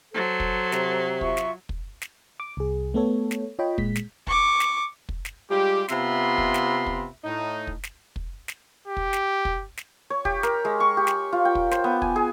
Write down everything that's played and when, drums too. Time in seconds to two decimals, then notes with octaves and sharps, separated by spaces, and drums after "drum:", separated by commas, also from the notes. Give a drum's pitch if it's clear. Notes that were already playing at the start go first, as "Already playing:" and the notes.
0.14 F#3 A4 C5
0.40 drum: kick
0.72 C3, drum: snare
1.21 F4 E5 C#6, drum: kick
1.37 drum: snare
1.69 drum: kick
2.01 drum: snare
2.40 D6
2.57 C2 G#4
2.94 A3 B3 A4 C#5
3.31 drum: snare
3.59 F4 C#5 D#5 G5 B5
3.78 A#2 G#3 B6, drum: kick
3.95 drum: snare
4.27 C#6 D6, drum: kick
4.60 drum: snare
5.09 drum: kick
5.25 drum: snare
5.48 G3 G#3 F4 G4
5.88 C3 B3 F4 E5 B5 C6, drum: snare
6.38 drum: kick
6.54 drum: snare
6.86 drum: kick
7.24 A2 D#4
7.67 drum: kick
7.83 drum: snare
8.16 drum: kick
8.48 drum: snare
8.87 G4
8.97 drum: kick
9.13 drum: snare
9.45 drum: kick
9.77 drum: snare
10.10 C#5
10.25 G4, drum: kick
10.43 A#4, drum: snare
10.65 G#3
10.80 C#6
10.97 G4
11.07 drum: snare
11.33 F4
11.45 G5
11.55 drum: kick
11.71 C5, drum: snare
11.84 B3
12.02 G#5, drum: kick
12.16 G#4